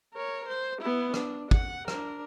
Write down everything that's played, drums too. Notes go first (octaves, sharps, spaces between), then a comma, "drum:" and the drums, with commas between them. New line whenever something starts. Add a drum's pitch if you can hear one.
A#4 C#5
C5
B3 E4
D4, drum: rim click
F#5, drum: kick
D4 A#4, drum: rim click